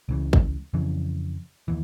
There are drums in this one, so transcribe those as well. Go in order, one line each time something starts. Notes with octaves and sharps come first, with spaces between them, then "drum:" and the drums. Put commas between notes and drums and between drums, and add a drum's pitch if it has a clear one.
C#2 C#3 E3
drum: kick
F2 C#3 E3
D#2 E3